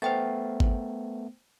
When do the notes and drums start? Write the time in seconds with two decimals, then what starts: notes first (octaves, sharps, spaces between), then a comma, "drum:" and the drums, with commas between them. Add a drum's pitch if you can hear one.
0.02 A3 B3 C5 G5 A6
0.60 drum: kick G#1